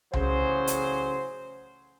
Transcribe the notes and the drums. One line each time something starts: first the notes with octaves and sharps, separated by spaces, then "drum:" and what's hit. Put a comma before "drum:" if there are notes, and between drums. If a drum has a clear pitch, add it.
A1 C#3 F#3 G#4 C5, drum: tom C2
drum: hi-hat